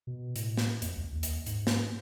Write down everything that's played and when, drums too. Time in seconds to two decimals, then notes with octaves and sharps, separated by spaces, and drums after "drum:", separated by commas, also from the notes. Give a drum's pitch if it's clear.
0.07 B2
0.36 A2, drum: hi-hat
0.57 drum: snare
0.82 F2, drum: hi-hat
0.97 C#2
1.12 D#2
1.23 drum: hi-hat
1.46 G#2, drum: hi-hat
1.67 drum: snare